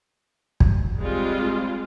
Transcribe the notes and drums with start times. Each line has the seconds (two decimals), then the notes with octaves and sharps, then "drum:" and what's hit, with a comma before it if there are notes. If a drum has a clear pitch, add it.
0.60 drum: kick
0.99 G3 G#3 C4 F4